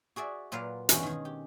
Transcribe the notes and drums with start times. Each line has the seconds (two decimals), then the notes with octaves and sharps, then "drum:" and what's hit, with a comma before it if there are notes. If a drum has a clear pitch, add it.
0.16 F#4 G#4 D5 E5
0.52 A#2 F#3 B4 D5 F5
0.89 E2 G2 B2 G#3 C#4 G5, drum: hi-hat
1.03 D#3 G#4
1.25 G4